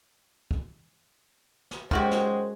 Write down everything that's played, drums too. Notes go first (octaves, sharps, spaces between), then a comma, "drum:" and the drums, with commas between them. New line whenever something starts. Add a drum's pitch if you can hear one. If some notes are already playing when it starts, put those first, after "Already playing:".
drum: kick
drum: snare
F#2 D#3 G#3 F#4 G4 C5, drum: kick
drum: snare